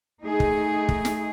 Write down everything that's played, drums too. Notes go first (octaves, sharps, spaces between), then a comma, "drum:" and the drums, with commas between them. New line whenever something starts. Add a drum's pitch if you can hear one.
A3 D#4 G#4
drum: kick
drum: kick
drum: snare